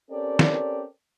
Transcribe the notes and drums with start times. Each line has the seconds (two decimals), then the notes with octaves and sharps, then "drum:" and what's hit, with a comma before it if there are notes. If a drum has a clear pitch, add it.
0.11 C4 C#4 G4 A4 A#4 D5
0.39 drum: snare